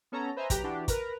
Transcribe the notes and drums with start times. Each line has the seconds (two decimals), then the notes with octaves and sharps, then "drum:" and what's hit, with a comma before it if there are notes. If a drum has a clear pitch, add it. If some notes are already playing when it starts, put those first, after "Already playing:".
0.12 B3 C#4 A4 C#5 A#5
0.36 B4 C5 D#5 E5 G#5 A#5
0.50 B1 G4 B4 G5 A#5, drum: kick, hi-hat
0.63 E3 D4 F#4 G4
0.88 A#4 B4 A#5, drum: kick, hi-hat